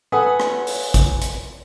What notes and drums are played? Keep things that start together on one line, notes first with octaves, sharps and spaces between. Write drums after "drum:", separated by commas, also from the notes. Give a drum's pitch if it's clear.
A4 B4 F#5 G#5 D#6
drum: rim click
drum: open hi-hat
drum: kick, hi-hat
drum: hi-hat